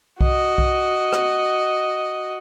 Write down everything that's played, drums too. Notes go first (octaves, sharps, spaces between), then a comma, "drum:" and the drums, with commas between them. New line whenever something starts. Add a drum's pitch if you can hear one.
F#4 D#5, drum: kick B1
drum: kick B1
drum: rim click